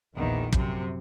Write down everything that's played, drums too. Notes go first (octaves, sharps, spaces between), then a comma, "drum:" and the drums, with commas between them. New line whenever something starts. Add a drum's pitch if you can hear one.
A#1 E2 D#3
F#2 C3, drum: kick